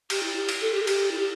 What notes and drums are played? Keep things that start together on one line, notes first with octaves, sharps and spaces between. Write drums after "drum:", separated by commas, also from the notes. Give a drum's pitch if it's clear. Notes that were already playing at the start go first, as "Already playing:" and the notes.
G4, drum: cymbal
E4
G4
drum: cymbal
A4
G4
A4
G4, drum: cymbal
E4
G4